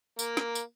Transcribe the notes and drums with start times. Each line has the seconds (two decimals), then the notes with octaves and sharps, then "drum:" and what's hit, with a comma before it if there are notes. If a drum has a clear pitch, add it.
0.19 A#3, drum: tambourine
0.37 drum: snare
0.55 drum: tambourine